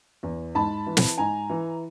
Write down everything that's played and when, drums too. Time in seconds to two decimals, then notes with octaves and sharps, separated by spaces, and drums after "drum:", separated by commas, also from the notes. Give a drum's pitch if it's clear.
0.23 E2
0.55 G#2 A5 B5
0.87 E3
0.97 drum: snare
1.18 G#2 G#5 A#5
1.50 E3